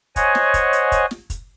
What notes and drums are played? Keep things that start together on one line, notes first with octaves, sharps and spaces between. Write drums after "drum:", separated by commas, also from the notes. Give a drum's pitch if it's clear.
C5 C#5 D#5 F#5 G#5, drum: kick, hi-hat
drum: snare
drum: kick, hi-hat
drum: hi-hat
drum: kick, hi-hat
drum: snare
drum: kick, hi-hat